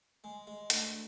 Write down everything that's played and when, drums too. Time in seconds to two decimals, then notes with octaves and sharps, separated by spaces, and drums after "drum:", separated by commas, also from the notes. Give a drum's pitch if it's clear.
0.24 G#3
0.47 G#3
0.70 D2, drum: hi-hat